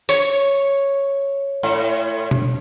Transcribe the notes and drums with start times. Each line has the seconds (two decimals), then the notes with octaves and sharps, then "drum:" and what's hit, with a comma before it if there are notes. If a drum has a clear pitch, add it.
0.09 C#5, drum: hi-hat
1.63 A2
2.31 drum: tom B2